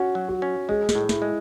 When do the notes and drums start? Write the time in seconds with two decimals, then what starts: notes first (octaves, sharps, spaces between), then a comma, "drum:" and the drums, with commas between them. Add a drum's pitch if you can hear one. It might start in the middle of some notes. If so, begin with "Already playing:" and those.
Already playing: C#4 F#4
0.15 F#3
0.29 F#4
0.42 C#4
0.69 G#3 G#4
0.89 G#4, drum: snare
0.95 A2
1.09 E4, drum: snare
1.22 G#3